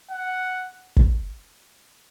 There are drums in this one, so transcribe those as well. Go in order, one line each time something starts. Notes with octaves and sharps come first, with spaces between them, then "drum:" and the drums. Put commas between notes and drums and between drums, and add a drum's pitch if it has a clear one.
F#5
drum: kick